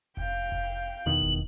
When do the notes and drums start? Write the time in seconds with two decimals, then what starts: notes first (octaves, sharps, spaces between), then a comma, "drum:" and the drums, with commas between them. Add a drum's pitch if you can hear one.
0.17 F5 G5, drum: kick F1
0.52 drum: kick F1
1.06 E2 B2 D#3 F#7
1.22 drum: kick F1